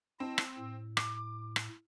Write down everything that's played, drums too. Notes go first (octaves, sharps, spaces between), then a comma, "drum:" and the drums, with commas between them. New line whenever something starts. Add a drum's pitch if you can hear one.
C4 E4 D#5 A5
drum: rim click
A2
D6, drum: rim click
drum: rim click